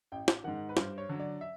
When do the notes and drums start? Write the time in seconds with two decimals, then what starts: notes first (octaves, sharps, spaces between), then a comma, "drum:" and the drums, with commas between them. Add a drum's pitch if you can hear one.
0.12 A1 G5
0.28 drum: snare
0.44 G#2 D#3 F#5
0.69 B4
0.77 G2 C5, drum: snare
0.98 C#5
1.09 D3 F#3
1.20 D5
1.41 E5